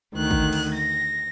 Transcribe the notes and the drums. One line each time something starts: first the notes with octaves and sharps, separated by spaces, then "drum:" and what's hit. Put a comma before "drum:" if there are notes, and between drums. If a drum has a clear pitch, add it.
D2 D#3 F#6
drum: kick
drum: cymbal
A#6